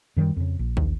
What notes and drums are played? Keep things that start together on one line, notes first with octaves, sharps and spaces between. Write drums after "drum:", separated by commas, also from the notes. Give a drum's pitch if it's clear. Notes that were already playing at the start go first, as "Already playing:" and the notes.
F#2 D#3 F#3 G3
F2 C#3
A#1
D#2, drum: kick